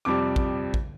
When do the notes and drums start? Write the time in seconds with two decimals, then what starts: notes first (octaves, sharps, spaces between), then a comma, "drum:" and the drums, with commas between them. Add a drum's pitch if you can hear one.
0.05 F2 C3 G3 D6
0.36 drum: kick
0.74 drum: kick